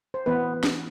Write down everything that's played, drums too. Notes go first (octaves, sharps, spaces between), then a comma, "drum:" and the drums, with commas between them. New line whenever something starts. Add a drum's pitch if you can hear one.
C5
E3 B3 B4
B3
drum: snare